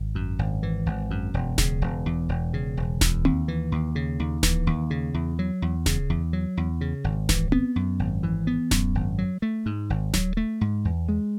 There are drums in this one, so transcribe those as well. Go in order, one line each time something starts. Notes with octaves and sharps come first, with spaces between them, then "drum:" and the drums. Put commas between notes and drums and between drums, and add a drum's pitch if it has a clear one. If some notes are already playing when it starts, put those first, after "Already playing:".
Already playing: G#1
F#2
G#1
E3
G#1
F#2
E1
C#3, drum: snare D1
E1
E2
E1
C#3
E1
E2, drum: snare D1
D#2, drum: tom C4
E3
D#2
C#3
D#2
E3, drum: snare D1
D#2
C#3
E2
F#3
E2
C#3, drum: snare D1
E2
F#3
E2
C#3
G#1
E3, drum: snare D1
B3, drum: tom C4
F#2
G#1
E3
B3
F#2, drum: snare D1
G#1
F#3
A3
G#2
G#1
F#3, drum: snare D1
A3
G#2
E2
G#3